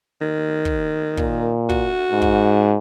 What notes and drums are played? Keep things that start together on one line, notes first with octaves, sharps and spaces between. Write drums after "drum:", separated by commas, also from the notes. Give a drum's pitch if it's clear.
D#3
drum: kick
A#2, drum: kick
F#4, drum: kick
G#2
drum: kick